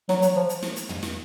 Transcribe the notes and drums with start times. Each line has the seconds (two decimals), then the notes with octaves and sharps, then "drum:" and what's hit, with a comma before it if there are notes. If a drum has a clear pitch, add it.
0.09 F#3, drum: snare
0.22 F#3, drum: hi-hat
0.36 F3
0.49 drum: hi-hat
0.62 drum: snare
0.76 drum: hi-hat
0.89 drum: tom
1.03 drum: snare